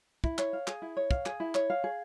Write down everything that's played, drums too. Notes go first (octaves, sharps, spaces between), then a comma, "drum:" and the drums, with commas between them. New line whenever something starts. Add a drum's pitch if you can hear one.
E4, drum: kick
C#5, drum: clap
F5
G#4, drum: clap
E4
C#5
F5, drum: kick
G#4, drum: clap
E4
C#5, drum: clap
F5
G#4